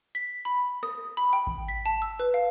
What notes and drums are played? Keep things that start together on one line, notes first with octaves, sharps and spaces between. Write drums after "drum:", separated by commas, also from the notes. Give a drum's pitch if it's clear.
B6
B5
D#6, drum: rim click
B5
G5
drum: kick G#1
B6
A5
E6
B4
F5